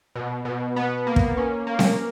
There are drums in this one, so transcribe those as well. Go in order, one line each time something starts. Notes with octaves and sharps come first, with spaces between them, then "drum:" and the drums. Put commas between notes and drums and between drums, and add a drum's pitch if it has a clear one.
B2
B2
B3
A#3
drum: kick
C#4
A#3
drum: snare C4